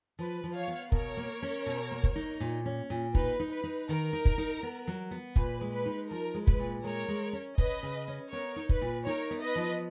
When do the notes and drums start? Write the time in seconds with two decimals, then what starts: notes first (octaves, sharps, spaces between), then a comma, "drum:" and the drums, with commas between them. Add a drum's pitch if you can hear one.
0.19 F3 B4
0.44 F3
0.55 C#5 F5
0.68 B3
0.92 B2 A#4 C#5, drum: kick
1.17 A#3
1.42 C#4
1.66 B2
1.91 A#3
2.03 drum: kick
2.16 D#4
2.40 A#2
2.66 C#4
2.90 A#2
3.15 D#4 B4, drum: kick
3.40 D#4
3.51 B4
3.64 D#4
3.89 D#3 A#4
4.13 D#4
4.25 drum: kick
4.38 D#4
4.63 B3
4.87 F#3
5.11 B3
5.36 A#2 B4, drum: kick
5.61 G#3
5.74 B4
5.86 D#4
6.10 F3 A#4
6.34 G#3
6.47 B4, drum: kick
6.59 A#2
6.84 G#3 A#4 C#5
7.08 G#3
7.33 C#4
7.58 C#4 B4 D#5, drum: kick
7.83 C#3
8.08 C#4
8.32 B3 A#4 C#5
8.56 D#4
8.69 B4, drum: kick
8.81 A#2
9.06 D#4 A#4 C#5
9.31 B3
9.43 B4 D#5
9.55 F3